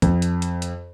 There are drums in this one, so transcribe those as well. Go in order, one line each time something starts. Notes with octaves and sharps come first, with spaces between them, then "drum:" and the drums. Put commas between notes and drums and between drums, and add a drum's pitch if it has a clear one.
F2, drum: kick C#2, hi-hat
drum: hi-hat
drum: hi-hat
drum: hi-hat